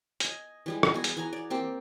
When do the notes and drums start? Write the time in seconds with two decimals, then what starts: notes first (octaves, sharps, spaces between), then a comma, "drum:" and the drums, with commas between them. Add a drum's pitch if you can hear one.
0.20 D#5 G#5, drum: hi-hat
0.66 E3 G3 G#3
0.83 drum: rim click
0.94 B3 F#4 G#4
1.04 drum: hi-hat
1.17 E3 G#5 A#5
1.33 D5
1.50 A#3 C4 G4